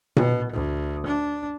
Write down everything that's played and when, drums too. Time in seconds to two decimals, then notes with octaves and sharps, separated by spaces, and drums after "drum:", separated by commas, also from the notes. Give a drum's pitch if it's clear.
0.16 B2, drum: tom A#2
0.53 D2
1.07 D4